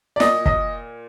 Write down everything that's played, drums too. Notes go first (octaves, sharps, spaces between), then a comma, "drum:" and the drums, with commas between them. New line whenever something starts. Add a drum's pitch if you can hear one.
D5
A#2 D#5, drum: snare
D#5, drum: kick